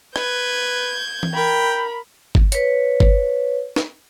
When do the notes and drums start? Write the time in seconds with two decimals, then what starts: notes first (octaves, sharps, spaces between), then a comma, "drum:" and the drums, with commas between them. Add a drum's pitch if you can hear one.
0.16 B4 G6 G#6, drum: rim click
1.23 drum: tom E3
1.33 A#4 G5 B5
2.35 drum: kick G1
2.52 B4 C#5, drum: hi-hat
3.00 drum: kick G1
3.76 drum: snare